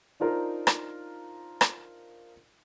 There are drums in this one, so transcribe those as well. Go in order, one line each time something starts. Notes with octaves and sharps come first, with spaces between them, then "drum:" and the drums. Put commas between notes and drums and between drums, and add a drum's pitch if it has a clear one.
D4 D#4 F4 A#4 C5
drum: rim click
drum: rim click